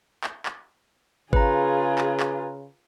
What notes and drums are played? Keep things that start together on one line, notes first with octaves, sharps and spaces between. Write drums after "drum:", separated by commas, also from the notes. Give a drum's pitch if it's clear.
drum: clap
drum: clap
C#3 F4 G#4 B4 A#5, drum: kick G#1
drum: clap
drum: clap